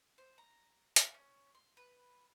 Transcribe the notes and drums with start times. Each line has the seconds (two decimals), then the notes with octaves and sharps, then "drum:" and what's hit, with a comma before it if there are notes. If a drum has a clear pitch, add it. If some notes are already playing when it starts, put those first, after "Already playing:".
0.18 C5
0.38 A#5
0.96 drum: hi-hat
1.14 C#4
1.55 C6
1.77 B4